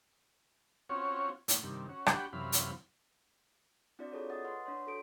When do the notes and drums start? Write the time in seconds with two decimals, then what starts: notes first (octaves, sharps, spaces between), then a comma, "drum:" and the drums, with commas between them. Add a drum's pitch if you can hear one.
0.89 C4 C#4 F4 F#4 C#5
1.48 A2, drum: hi-hat
1.63 G2 C3 D#3
1.89 C#4 F#4
2.06 D4 F#4 G4 F#5 G5 B5, drum: rim click
2.33 F#2 C3 E3 F5 B5
2.52 drum: hi-hat
3.99 C4 D4 E4 F#4 D5
4.12 F4 G#4 A4 C#5
4.30 D#5 F#5 D#6 A6
4.45 B4 F#5 C6
4.65 D4 C#5 C6
4.87 F#4 A4 D7